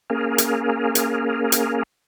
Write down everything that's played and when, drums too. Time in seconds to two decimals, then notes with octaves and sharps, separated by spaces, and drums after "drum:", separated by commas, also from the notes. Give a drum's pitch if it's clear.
0.10 A#3 C#4 G#4 A#4
0.38 drum: hi-hat
0.95 drum: hi-hat
1.52 drum: hi-hat